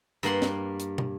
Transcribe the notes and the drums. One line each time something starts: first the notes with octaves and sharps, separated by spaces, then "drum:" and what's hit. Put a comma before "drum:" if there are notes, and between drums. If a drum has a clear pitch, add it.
G2 A#3 F#5 C6
drum: snare
drum: hi-hat
drum: tom